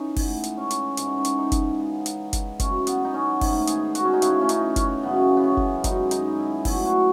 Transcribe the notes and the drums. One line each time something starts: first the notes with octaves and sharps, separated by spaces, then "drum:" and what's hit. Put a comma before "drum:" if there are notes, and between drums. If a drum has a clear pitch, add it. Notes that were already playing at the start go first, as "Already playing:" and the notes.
Already playing: E3 C#4 D#4
A2 G#3 B3, drum: kick F#1, open hi-hat
drum: hi-hat
C#4
drum: hi-hat
G#2 E3 B3 C#4, drum: hi-hat
D#4
C#4
drum: hi-hat
D#4
drum: kick F#1, hi-hat
C#3 G#3 B3
drum: hi-hat
drum: kick F#1, hi-hat
F#2 E3 G#3 C#4, drum: kick F#1, hi-hat
B3, drum: hi-hat
D#4
C#4
G#2 D#3 A3, drum: kick F#1, open hi-hat
G#4, drum: hi-hat
F#4, drum: hi-hat
C#4
D#4
C#3 E3 A3 E4, drum: hi-hat
C#4
D#4, drum: hi-hat
C#4, drum: kick F#1, hi-hat
F#2 C#3 E3 G#3 B3
B3
C#4
drum: kick F#1
F#2 D#3 G#3 D#4, drum: kick F#1, hi-hat
D#4, drum: hi-hat
E4
B2 F#3 A3 E4, drum: kick F#1, open hi-hat
G#4
F#4